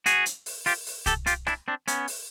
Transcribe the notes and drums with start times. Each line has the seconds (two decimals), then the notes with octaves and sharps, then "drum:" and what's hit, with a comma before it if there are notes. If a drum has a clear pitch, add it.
0.06 F#4 G#4, drum: hi-hat
0.26 drum: hi-hat
0.46 drum: open hi-hat
0.66 F4 G4, drum: open hi-hat
0.86 drum: open hi-hat
1.06 G4 A4, drum: kick C2, hi-hat
1.26 F4 G4, drum: hi-hat
1.47 D4 E4, drum: rim click
1.68 C4 D4
1.88 B3 C#4, drum: hi-hat
2.08 drum: open hi-hat